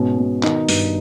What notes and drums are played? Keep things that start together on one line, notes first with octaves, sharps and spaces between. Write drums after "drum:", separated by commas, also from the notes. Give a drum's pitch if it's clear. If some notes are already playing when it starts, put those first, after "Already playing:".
Already playing: G#2 B2 C#4
B2
D#3 D#4, drum: clap
G2, drum: open hi-hat